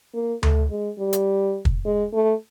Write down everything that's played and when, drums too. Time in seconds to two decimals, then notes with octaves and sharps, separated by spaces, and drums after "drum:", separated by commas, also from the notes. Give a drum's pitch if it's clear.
0.14 A#3
0.43 A3, drum: tom D2
0.70 G#3
0.99 G3
1.13 drum: hi-hat
1.65 drum: kick
1.86 G#3
2.13 A3